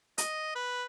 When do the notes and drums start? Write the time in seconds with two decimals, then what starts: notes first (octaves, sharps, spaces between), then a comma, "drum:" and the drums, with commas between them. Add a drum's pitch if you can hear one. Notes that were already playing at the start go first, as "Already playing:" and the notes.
0.18 D#5, drum: hi-hat
0.55 B4